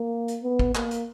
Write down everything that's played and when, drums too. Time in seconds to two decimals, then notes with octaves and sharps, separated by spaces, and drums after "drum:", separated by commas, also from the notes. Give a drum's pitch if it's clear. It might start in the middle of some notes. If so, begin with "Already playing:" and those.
Already playing: A#3
0.28 drum: hi-hat
0.43 B3
0.59 drum: kick
0.75 A#3, drum: clap
0.91 drum: hi-hat